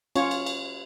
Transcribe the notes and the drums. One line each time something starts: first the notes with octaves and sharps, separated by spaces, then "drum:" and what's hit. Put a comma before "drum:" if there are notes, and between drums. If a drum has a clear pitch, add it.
C#4 F4 C#5, drum: cymbal
drum: cymbal
drum: cymbal